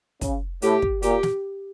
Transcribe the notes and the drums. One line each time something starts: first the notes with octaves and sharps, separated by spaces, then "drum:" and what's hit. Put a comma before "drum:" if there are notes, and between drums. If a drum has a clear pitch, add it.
C#3, drum: kick, hi-hat
A2 G4, drum: hi-hat
drum: kick
A#2 G4, drum: hi-hat
drum: snare